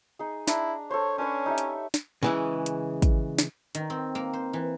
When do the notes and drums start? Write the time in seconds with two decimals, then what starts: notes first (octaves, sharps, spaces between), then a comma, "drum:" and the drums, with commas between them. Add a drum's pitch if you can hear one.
0.19 D#4 G#4
0.48 D4 E4 A#5, drum: snare
0.91 A4 C5 C#5
1.18 C#4 D4 B4 C#5
1.46 D#4 G4 E5
1.58 drum: hi-hat
1.94 drum: snare
2.23 C#3 E3 G#3
2.66 drum: hi-hat
3.02 drum: kick, hi-hat
3.39 drum: snare
3.75 D#3, drum: hi-hat
3.90 C4
4.15 A#3
4.33 C5
4.53 E3